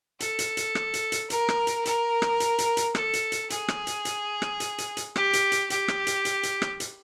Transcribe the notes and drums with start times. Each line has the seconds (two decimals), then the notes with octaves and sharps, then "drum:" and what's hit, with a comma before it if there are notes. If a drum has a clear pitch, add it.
0.20 A4, drum: hi-hat
0.39 drum: hi-hat
0.57 drum: hi-hat
0.75 drum: rim click
0.94 drum: hi-hat
1.12 drum: hi-hat
1.30 A#4, drum: hi-hat
1.49 drum: rim click
1.67 drum: hi-hat
1.85 A#4, drum: hi-hat
2.22 drum: rim click
2.40 drum: hi-hat
2.58 drum: hi-hat
2.77 drum: hi-hat
2.95 A4, drum: rim click
3.13 drum: hi-hat
3.32 drum: hi-hat
3.50 G#4, drum: hi-hat
3.68 drum: rim click
3.87 drum: hi-hat
4.05 drum: hi-hat
4.42 drum: rim click
4.60 drum: hi-hat
4.78 drum: hi-hat
4.97 drum: hi-hat
5.16 G4, drum: rim click
5.33 drum: hi-hat
5.52 drum: hi-hat
5.70 G4, drum: hi-hat
5.88 drum: rim click
6.07 drum: hi-hat
6.25 drum: hi-hat
6.43 drum: hi-hat
6.62 drum: rim click
6.80 drum: hi-hat